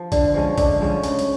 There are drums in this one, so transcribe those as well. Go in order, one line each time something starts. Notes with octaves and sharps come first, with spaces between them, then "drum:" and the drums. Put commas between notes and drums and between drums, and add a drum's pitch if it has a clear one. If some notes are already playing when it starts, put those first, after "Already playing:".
Already playing: F3
D3, drum: kick, hi-hat
F3 G#3 C#4
D3, drum: kick, hi-hat
F3 G#3 C#4
C#3, drum: hi-hat
drum: hi-hat